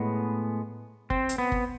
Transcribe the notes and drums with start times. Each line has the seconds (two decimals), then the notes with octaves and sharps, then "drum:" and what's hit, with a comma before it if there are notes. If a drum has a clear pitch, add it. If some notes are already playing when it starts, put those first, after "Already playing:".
Already playing: A2 G#3 B3
1.10 C4, drum: kick
1.29 drum: hi-hat
1.38 B3
1.52 drum: kick